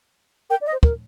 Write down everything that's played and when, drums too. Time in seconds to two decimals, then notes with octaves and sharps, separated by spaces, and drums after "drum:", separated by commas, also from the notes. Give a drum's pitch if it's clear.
0.50 A#4 G5
0.61 D5
0.66 D#5
0.72 C5
0.83 A#4, drum: kick